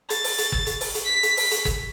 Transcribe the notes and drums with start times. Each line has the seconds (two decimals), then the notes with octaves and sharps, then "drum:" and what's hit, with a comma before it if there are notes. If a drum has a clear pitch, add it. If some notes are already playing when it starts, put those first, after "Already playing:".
0.10 A6, drum: hi-hat
0.24 drum: open hi-hat
0.38 drum: hi-hat
0.52 drum: kick
0.67 drum: hi-hat
0.81 drum: open hi-hat
0.95 drum: hi-hat
1.05 B6
1.23 drum: hi-hat
1.37 drum: open hi-hat
1.51 drum: hi-hat
1.65 drum: kick, hi-hat